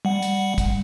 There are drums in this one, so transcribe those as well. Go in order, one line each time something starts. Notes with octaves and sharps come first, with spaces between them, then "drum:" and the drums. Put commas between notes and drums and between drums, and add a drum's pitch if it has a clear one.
G3 F#5
drum: hi-hat
drum: kick, hi-hat